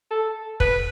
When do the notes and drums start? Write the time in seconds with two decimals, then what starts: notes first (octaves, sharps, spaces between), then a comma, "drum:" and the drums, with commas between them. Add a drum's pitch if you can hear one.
0.11 A4
0.60 B4, drum: kick